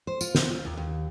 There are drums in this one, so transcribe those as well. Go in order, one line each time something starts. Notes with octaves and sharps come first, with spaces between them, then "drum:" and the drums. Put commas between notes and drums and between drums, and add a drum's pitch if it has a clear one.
C5
F4, drum: tambourine
C5, drum: snare
F4
D#2
D#2